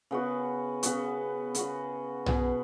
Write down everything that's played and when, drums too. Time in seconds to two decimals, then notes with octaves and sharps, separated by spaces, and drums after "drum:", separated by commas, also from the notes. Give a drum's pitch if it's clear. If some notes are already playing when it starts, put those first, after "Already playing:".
0.11 C#3 B3 F#4
0.83 C#3 B3 F#4, drum: hi-hat
1.55 C#3 B3 F#4, drum: hi-hat
2.26 B2 B3 G#4, drum: tom B1